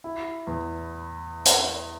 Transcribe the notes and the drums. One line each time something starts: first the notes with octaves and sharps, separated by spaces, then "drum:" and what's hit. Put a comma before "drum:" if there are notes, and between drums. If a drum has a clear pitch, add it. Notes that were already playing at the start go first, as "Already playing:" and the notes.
E4
E2
drum: hi-hat